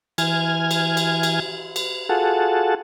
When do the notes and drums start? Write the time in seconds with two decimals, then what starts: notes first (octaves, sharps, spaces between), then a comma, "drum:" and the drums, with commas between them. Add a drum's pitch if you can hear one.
0.18 E3 G#5 F6 G#6, drum: cymbal
0.71 drum: cymbal
0.97 drum: cymbal
1.23 drum: cymbal
1.76 drum: cymbal
2.09 F4 F#4 G#4 A4 F#5 A5